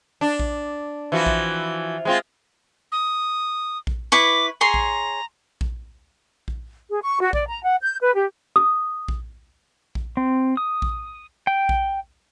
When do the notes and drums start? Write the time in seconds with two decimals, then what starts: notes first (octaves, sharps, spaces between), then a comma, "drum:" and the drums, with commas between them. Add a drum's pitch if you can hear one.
0.21 D4
0.40 drum: kick A#1
1.12 E3 F3 F#4
1.26 drum: kick A#1
2.05 G#3 C4 F4
2.92 D#6
3.87 drum: kick A#1
4.12 E4 B4 C#6 D6
4.61 G#4 C#5 A#5 C6
4.74 drum: kick A#1
5.61 drum: kick A#1
6.48 drum: kick A#1
6.90 G#4
7.02 C#6
7.19 F#4
7.33 D5, drum: kick A#1
7.48 A#5
7.62 F#5
7.81 G6
8.01 B4
8.14 G4
8.56 D#6
9.08 drum: kick A#1
9.95 drum: kick A#1
10.17 C4
10.57 D#6
10.82 drum: kick A#1
11.47 G5
11.69 drum: kick A#1